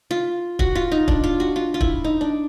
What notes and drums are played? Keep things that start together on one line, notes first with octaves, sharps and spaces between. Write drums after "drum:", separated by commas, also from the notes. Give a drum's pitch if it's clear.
F4
F#4, drum: kick
F4
D#4
D4, drum: kick
F4
F#4
F4
F4
E4, drum: kick
D#4
D4